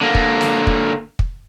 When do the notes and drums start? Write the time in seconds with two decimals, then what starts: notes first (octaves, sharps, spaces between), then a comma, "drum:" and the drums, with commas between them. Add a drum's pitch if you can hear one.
0.02 D3 A#3
0.15 drum: kick
0.41 drum: snare
0.67 drum: kick
1.19 drum: kick